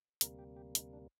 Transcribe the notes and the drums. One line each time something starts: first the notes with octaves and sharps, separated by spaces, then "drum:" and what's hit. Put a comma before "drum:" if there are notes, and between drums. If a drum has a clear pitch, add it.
D2 C3 G3 A#3 A#4, drum: hi-hat
G4
G4
D#4, drum: hi-hat
D4